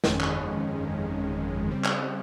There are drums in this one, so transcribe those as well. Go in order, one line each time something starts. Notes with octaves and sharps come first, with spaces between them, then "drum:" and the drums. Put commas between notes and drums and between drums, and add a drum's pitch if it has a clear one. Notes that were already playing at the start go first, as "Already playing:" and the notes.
G1 F2 D#3 G#3 C#4, drum: snare
drum: clap
C#3 G3 C4
drum: clap